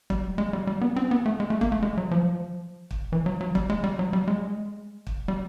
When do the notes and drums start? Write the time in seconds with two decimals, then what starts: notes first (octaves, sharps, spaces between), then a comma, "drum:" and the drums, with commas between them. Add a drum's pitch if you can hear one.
0.10 G3, drum: kick
0.38 G#3
0.53 G3
0.67 G3
0.81 B3
0.96 C4
1.11 B3
1.26 A3
1.40 G#3
1.50 A3
1.61 A#3, drum: kick
1.72 A3
1.83 G#3
1.97 F#3
2.11 F3
2.91 drum: kick
3.12 E3
3.26 F#3
3.41 F#3
3.55 G3, drum: kick
3.70 G#3
3.84 G3
3.99 F#3
4.13 G3
4.28 G#3
5.07 drum: kick
5.28 G3